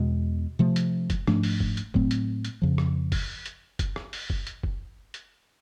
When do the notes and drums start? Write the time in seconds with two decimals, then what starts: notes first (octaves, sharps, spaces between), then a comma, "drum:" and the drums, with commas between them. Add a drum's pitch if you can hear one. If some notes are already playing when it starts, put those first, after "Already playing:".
Already playing: E2 B2 G#3
0.59 C3 F3 A3
0.76 drum: hi-hat
1.10 drum: kick, hi-hat
1.27 G#2 F3 A3 D4, drum: rim click
1.43 drum: open hi-hat
1.60 drum: kick
1.77 drum: hi-hat
1.94 A2 F#3 A3 C4, drum: kick
2.11 drum: hi-hat
2.45 drum: hi-hat
2.62 F2 C#3 F3
2.78 drum: rim click
3.12 drum: kick, open hi-hat
3.46 drum: hi-hat
3.79 drum: kick, hi-hat
3.96 drum: rim click
4.13 drum: open hi-hat
4.30 drum: kick
4.47 drum: hi-hat
4.63 drum: kick
5.14 drum: hi-hat